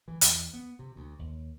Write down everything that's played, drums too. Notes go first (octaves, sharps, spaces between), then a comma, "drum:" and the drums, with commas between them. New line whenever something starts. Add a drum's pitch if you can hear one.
E3
E2, drum: hi-hat
B3
C3
D2
D#2